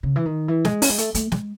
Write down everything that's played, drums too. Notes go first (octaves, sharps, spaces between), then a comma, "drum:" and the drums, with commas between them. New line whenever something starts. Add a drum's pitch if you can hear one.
C#3
E3
D#3
E3
G#3, drum: snare
C#4, drum: open hi-hat
G#3
A3, drum: hi-hat
A3, drum: hi-hat
G#3, drum: snare